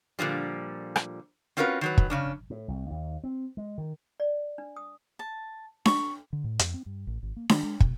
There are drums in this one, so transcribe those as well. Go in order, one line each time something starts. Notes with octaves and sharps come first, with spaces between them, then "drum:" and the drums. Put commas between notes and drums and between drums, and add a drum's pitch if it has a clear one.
A#2 D3 F3 G3
drum: rim click
C4 C#4 F4 F#4 A#4 B4
D#3 F#3 B4
drum: kick
C#3 C#4 D4
A2
C2
D#2
C4
G#3
D#3
D5
D4
D#6
A5
C#6, drum: snare D4
D3
A2
F2, drum: hi-hat
C4
G2
A1
G#1
A#3
D#3, drum: snare D4
G#3
B2, drum: kick